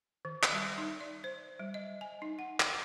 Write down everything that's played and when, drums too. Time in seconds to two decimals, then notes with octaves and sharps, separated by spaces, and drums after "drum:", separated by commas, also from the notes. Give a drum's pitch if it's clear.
0.25 D#3
0.43 drum: clap
0.52 G3
0.78 D#4
1.00 D5
1.24 C5
1.60 G3
1.74 D#5
2.01 G#5
2.22 D#4
2.39 F#5
2.60 G5, drum: clap